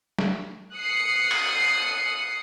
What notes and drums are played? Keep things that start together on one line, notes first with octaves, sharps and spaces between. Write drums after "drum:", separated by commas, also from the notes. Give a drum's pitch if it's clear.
drum: snare
D#6 F#6 C7 C#7
drum: cymbal